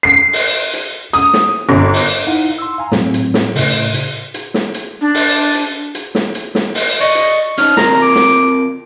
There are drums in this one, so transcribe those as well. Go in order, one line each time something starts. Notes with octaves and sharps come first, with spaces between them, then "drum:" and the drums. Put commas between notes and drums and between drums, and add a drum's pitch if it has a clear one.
C7
drum: open hi-hat
drum: hi-hat
D#6, drum: hi-hat
drum: snare
G1
drum: open hi-hat
D#4 E4 F5 F#5
C6 E6
F5 G#5 A#5
A2 F#3 C4, drum: snare
drum: hi-hat
drum: snare
A2 C#3, drum: open hi-hat
drum: hi-hat
drum: hi-hat
drum: snare
drum: hi-hat
D4
drum: open hi-hat
drum: hi-hat
drum: hi-hat
drum: snare
drum: hi-hat
drum: snare
drum: open hi-hat
D5 D#5 C#6
drum: hi-hat
C#4 D#4 C#5 F6, drum: hi-hat
C4 F4 A#4 A#5, drum: snare
D6
drum: snare